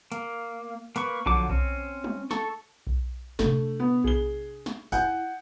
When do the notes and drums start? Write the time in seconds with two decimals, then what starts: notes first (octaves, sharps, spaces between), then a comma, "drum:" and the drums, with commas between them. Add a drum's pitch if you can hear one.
0.12 A#3, drum: hi-hat
0.96 A#3 B4 C#6, drum: hi-hat
1.26 D3 F3 F#3 D6, drum: kick B1
1.49 C4 C#4, drum: kick B1
2.04 drum: tom
2.31 A4 C#6, drum: snare
2.87 drum: kick B1
3.39 C3 A3 D4, drum: snare
3.80 B3
4.04 G#4 G7, drum: kick B1
4.66 drum: snare
4.92 E4 F#5 G#5 G6, drum: tambourine